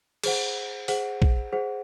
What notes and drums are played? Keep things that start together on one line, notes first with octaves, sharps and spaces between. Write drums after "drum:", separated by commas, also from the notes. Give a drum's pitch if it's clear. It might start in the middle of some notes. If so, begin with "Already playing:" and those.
G#4 C5 F#5, drum: cymbal
G#4 C5 F#5, drum: open hi-hat
drum: kick
G#4 C5 F#5